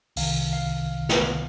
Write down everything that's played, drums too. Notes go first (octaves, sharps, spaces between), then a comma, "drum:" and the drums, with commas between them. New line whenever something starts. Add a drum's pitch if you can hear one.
C2 C3 D#3 F5, drum: open hi-hat
F5
drum: snare